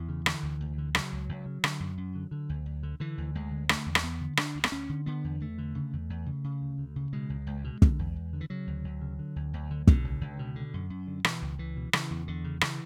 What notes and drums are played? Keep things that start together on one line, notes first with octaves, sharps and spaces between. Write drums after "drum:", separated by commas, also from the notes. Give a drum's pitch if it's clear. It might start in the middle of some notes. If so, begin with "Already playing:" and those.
Already playing: E2 E3
C#3
D3, drum: rim click
D2
D2
D3
C#3 F#3, drum: rim click
C#2
C#2
C#3
D3, drum: rim click
F#2
F#2
D3
D3
D2
D2
D3
D3 E3
D2
D2 G#3
D3
D3 A3, drum: rim click
E2
C#4, drum: rim click
E2 B3
D3
D3 D4, drum: rim click
D2
B3, drum: rim click
D2 C#4
D3
D3 B3
E2
E2 A3
D3
C#3
E2
E2
C#3
C#3
D2
D2
C#3
B2 G#3
C#2
C#2
B2
D3, drum: kick
E2
E2
D3
E3
C#3 F#3
D2
D2
C#3
D3
D2
D2
D3
B2 D3, drum: kick
C#2
C#2
B2
D3
F#2
F#2
D3
B2 E3, drum: rim click
C#2
C#2 E3
B2
C#3 E3, drum: rim click
E2
E2 D3
C#3
C#3 E3, drum: rim click